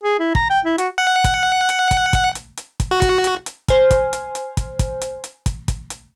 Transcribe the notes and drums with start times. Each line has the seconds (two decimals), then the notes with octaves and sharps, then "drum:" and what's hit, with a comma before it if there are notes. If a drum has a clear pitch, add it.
0.04 G#4
0.19 E4
0.35 A#5, drum: kick
0.50 G5
0.65 E4
0.78 F#4, drum: hi-hat
0.98 F#5
1.24 drum: kick, hi-hat
1.69 drum: hi-hat
1.91 drum: kick, hi-hat
2.13 drum: kick, hi-hat
2.35 drum: hi-hat
2.57 drum: hi-hat
2.80 drum: kick, hi-hat
2.91 F#4
3.02 drum: kick, hi-hat
3.24 drum: hi-hat
3.46 drum: hi-hat
3.68 C5 G#5 F6, drum: kick, hi-hat
3.91 drum: kick, hi-hat
4.13 drum: hi-hat
4.35 drum: hi-hat
4.57 drum: kick, hi-hat
4.79 drum: kick, hi-hat
5.01 drum: hi-hat
5.24 drum: hi-hat
5.46 drum: kick, hi-hat
5.68 drum: kick, hi-hat
5.90 drum: hi-hat